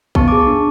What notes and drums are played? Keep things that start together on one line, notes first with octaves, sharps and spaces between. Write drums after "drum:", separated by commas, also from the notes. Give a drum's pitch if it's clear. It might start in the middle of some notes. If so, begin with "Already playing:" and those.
B3 A5 C#6, drum: kick
G#4 D6
A5 C#6
D4